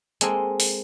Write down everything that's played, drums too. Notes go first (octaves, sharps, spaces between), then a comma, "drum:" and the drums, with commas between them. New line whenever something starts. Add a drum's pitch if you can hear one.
G#3 A#3 C4 A4 D#5 G#5, drum: hi-hat
drum: open hi-hat